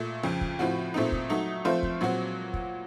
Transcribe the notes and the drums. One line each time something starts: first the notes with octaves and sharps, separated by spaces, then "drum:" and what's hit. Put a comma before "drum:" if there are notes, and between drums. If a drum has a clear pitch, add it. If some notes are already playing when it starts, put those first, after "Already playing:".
Already playing: A#2 A3
F2 C#3 F3
drum: kick
A2 F3 C4 F#4
A#2 A3 C4 D#4
drum: kick
F#3 A3 D#4
F3 A3 C4 F4 C5
drum: kick
A#2 F#3 C4 F#4
drum: kick